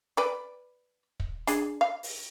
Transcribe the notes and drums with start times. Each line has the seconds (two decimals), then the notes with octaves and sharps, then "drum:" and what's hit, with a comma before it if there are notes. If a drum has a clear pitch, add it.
0.17 B4 D5
1.20 drum: kick
1.47 D4 G#4, drum: hi-hat
1.81 F5
2.03 drum: open hi-hat